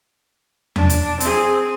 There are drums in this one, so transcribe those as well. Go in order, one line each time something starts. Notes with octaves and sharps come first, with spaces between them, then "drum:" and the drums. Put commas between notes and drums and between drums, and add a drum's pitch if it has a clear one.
D4, drum: tom E2
drum: hi-hat
C4 G#4, drum: hi-hat